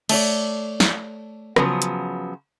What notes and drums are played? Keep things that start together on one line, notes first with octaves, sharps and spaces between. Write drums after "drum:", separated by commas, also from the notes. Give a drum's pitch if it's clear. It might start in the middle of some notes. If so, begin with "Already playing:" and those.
A3 C#5 D5, drum: cymbal
drum: snare
C#3 F3 F#3 B3, drum: rim click
drum: hi-hat